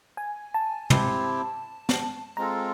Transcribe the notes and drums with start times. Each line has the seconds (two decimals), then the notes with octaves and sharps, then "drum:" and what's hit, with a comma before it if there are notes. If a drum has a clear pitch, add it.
0.17 G#5
0.54 A5
0.90 C4 E4 G4, drum: tom
1.89 drum: snare
2.37 G#3 C4 F4 A4 A#5